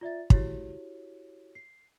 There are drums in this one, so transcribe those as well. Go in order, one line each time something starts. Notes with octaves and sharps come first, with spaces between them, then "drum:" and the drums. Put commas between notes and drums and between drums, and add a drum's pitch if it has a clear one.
F4 D5 E5 A6
E4 F#4 G4 C#5, drum: kick
C7